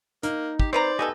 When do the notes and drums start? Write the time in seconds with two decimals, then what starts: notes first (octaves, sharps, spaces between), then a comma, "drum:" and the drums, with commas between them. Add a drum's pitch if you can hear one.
0.23 A#3 D#4, drum: hi-hat
0.60 G4, drum: kick
0.73 C4 B4 C5 D5 A#5
0.99 A3 B3 G4 A4 D#5 G#5